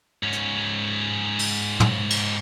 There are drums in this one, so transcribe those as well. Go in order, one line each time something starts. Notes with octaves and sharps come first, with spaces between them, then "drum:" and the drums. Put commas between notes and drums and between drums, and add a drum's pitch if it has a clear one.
G#2 C#4
drum: hi-hat
drum: open hi-hat
drum: tom
drum: cymbal